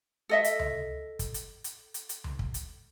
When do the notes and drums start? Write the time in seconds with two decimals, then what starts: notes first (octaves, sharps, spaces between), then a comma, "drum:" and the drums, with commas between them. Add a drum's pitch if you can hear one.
0.29 A4 D#5 E5
0.44 drum: hi-hat
0.59 drum: tom D2
1.19 drum: kick, hi-hat
1.34 drum: hi-hat
1.64 drum: hi-hat
1.94 drum: hi-hat
2.09 drum: hi-hat
2.24 drum: tom D2
2.39 drum: kick
2.54 drum: hi-hat